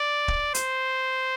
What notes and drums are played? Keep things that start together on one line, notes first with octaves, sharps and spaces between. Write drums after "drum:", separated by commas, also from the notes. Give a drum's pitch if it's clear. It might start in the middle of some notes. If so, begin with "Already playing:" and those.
Already playing: D5
drum: kick
C5, drum: hi-hat